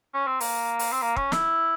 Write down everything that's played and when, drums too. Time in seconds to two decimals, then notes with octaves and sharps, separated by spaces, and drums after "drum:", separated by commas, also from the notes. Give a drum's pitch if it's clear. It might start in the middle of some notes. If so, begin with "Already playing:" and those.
0.14 C#4
0.27 C4
0.40 A#3, drum: open hi-hat
0.79 drum: open hi-hat
0.92 C4
1.02 A#3
1.16 C#4, drum: kick
1.32 E4, drum: snare